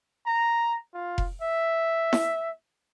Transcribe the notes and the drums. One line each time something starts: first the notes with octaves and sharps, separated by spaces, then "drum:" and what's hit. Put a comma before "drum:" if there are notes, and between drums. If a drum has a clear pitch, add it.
A#5
F4
drum: kick F1
E5
drum: snare E4